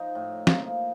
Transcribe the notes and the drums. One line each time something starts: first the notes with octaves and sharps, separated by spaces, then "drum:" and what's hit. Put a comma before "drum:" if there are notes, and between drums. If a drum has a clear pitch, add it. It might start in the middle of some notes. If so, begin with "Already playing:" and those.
Already playing: F3 D#4
A2
F3 A#3, drum: snare